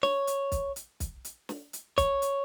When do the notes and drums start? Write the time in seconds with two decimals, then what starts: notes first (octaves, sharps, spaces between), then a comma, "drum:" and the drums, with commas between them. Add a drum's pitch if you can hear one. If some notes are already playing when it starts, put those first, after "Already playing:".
0.03 C#5, drum: snare
0.27 drum: hi-hat
0.52 drum: kick, hi-hat
0.76 drum: hi-hat
1.00 drum: kick, hi-hat
1.25 drum: hi-hat
1.49 drum: snare
1.73 drum: hi-hat
1.98 C#5, drum: kick, hi-hat
2.22 drum: hi-hat